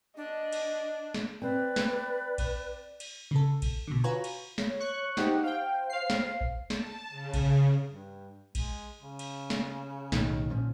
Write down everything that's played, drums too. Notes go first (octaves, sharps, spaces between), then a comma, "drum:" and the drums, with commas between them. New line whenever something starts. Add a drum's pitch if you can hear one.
D4 D#5
drum: cymbal
drum: snare
C4 B4 D5
drum: snare
drum: kick A#1, cymbal
drum: cymbal
C#3 A4
drum: kick A#1, cymbal
B2 D3
F4 F#4 B4 C#5 G#5 A#5
drum: cymbal
C#5, drum: snare
C#6 F#6
D#4 G4 C5 F#5, drum: snare
C5 F5 G5
F5 C7
drum: snare
drum: kick A#1
A5, drum: snare
C#3
drum: kick A#1, cymbal
G2
G#3, drum: kick A#1, cymbal
C#3
drum: cymbal
drum: snare
B1 A2 D#3, drum: snare
A#2 F3 C#4